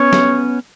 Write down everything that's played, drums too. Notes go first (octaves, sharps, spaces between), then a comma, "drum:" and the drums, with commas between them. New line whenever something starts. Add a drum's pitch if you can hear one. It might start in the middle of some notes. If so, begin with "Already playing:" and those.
Already playing: B3 C#4 C#5
drum: snare